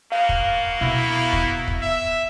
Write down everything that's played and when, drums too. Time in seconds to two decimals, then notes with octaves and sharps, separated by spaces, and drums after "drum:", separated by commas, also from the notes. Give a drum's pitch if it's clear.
0.12 A#3 B3 F#4 F5
0.29 drum: kick
0.81 B2 E4
1.33 drum: kick
1.67 drum: kick
1.81 E5